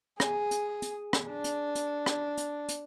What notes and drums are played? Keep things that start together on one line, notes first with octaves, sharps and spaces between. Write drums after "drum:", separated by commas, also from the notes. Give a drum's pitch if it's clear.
G#4, drum: rim click
drum: hi-hat
drum: hi-hat
drum: rim click
D4
drum: hi-hat
drum: hi-hat
drum: rim click
drum: hi-hat
drum: hi-hat